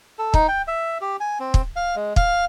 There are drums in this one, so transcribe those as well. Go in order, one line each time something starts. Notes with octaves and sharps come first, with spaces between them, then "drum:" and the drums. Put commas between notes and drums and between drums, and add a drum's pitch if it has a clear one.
A4
D#4, drum: kick
G5
E5
G4
G#5
C4
drum: kick
F5
G#3
F5, drum: kick